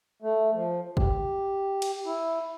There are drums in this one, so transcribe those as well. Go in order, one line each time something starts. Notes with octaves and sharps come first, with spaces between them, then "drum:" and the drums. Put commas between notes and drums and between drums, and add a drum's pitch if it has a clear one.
A3
F3
G4, drum: kick
drum: cymbal
E4